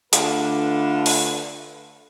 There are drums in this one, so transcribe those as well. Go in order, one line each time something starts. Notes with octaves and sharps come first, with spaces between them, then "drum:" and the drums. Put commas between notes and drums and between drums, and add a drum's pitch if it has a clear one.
D3 A3 D4 F4 B4, drum: hi-hat
drum: open hi-hat